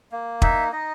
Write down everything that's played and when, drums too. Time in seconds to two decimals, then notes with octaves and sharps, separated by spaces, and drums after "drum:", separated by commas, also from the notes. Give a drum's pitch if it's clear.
0.12 A#3
0.42 D#4 E5, drum: kick
0.73 D#4 D#5